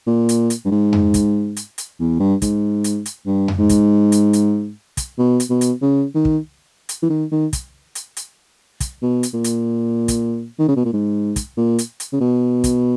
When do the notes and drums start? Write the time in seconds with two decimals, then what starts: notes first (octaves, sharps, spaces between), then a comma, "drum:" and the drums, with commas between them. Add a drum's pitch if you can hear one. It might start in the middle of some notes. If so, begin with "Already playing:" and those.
0.07 A#2
0.29 drum: hi-hat
0.50 drum: hi-hat
0.65 G2
0.72 G#2
0.93 drum: tom F2
1.14 drum: kick, hi-hat
1.57 drum: hi-hat
1.78 drum: hi-hat
2.00 E2
2.20 G2
2.42 G#2, drum: kick, hi-hat
2.84 drum: hi-hat
3.06 drum: hi-hat
3.26 G2
3.48 drum: tom F2
3.59 G#2
3.69 drum: kick, hi-hat
4.12 drum: hi-hat
4.33 drum: hi-hat
4.97 drum: kick, hi-hat
5.18 B2
5.40 drum: hi-hat
5.50 B2
5.61 drum: hi-hat
5.82 C#3
6.15 D#3
6.25 drum: kick
6.89 drum: hi-hat
7.02 E3
7.10 D#3
7.32 D#3
7.53 drum: kick, hi-hat
7.95 drum: hi-hat
8.17 drum: hi-hat
8.80 drum: kick, hi-hat
9.02 B2
9.23 drum: hi-hat
9.34 A#2
9.44 drum: hi-hat
10.08 drum: kick, hi-hat
10.59 D#3
10.68 C#3
10.76 B2
10.85 A#2
10.93 G#2
11.36 drum: kick, hi-hat
11.57 A#2
11.79 drum: hi-hat
12.00 drum: hi-hat
12.13 C#3
12.21 B2
12.64 drum: kick, hi-hat